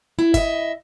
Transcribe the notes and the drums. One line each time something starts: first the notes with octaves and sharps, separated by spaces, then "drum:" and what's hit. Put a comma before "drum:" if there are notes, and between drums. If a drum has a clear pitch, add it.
E4
D#5 E5, drum: kick G1, hi-hat